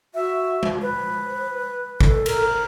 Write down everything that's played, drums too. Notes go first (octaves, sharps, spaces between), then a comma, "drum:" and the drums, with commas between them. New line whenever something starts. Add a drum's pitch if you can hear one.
F#4 E5
drum: tom G#3
B4 C5
A4, drum: kick G#1
A#4, drum: cymbal